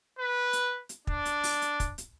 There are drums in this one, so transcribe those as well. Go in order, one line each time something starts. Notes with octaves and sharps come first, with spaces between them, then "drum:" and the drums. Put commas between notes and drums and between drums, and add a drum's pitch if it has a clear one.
B4
drum: hi-hat
drum: hi-hat
D4, drum: kick
drum: hi-hat
drum: open hi-hat
drum: hi-hat
drum: kick, hi-hat
drum: hi-hat